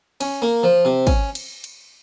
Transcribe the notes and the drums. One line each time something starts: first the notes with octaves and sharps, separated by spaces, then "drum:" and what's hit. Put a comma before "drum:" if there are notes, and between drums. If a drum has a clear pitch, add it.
C#4, drum: cymbal
A#3
F3
C3
C#4, drum: kick, cymbal
drum: cymbal
drum: cymbal